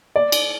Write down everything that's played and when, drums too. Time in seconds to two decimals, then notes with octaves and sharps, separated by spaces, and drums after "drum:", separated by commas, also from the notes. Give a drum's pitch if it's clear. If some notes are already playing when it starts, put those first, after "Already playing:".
0.16 D5
0.32 drum: cymbal